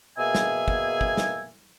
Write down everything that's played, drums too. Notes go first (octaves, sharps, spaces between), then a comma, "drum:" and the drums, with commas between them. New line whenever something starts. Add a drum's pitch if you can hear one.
B2 A#3 G#4 E5 G#5
drum: snare
drum: kick
drum: kick
drum: snare